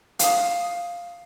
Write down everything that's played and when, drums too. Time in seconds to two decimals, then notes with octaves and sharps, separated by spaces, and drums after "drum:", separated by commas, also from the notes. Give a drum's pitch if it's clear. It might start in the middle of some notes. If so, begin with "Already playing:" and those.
0.19 F5 D#6, drum: hi-hat